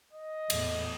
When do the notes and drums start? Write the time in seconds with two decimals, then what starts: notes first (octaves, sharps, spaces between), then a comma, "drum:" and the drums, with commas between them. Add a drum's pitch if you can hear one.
0.13 D#5
0.50 E2 A2, drum: cymbal